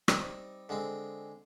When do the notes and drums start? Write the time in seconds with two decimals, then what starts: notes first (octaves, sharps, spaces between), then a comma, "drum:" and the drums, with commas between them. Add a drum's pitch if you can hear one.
0.08 G3 C4 D#4, drum: rim click
0.69 D3 G#3 C4